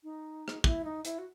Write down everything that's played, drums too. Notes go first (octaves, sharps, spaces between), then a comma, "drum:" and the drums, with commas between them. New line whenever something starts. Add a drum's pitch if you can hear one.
D#4
drum: rim click
E4, drum: kick
D#4
E4, drum: hi-hat
F#4